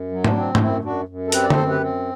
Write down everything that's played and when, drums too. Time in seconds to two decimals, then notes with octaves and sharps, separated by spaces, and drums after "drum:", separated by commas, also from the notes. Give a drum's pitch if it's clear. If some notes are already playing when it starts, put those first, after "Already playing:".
Already playing: F#2
0.11 F#3
0.24 D4, drum: tom G#2
0.37 C4
0.55 D4, drum: tom G#2
0.60 F#2 C4 E4
0.84 F#2 D4 F#4
1.09 F#2
1.28 A4
1.32 C4 G4 B4, drum: hi-hat
1.43 D5
1.50 A4 C5, drum: tom D3
1.57 F#2
1.69 G4 B4
1.81 C4